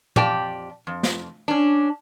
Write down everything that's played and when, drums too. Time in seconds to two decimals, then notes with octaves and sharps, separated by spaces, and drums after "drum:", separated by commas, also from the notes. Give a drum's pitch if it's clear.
0.16 F2 G4 D5 G5 A5, drum: tom
0.87 F2
1.03 drum: snare
1.48 C#4 D4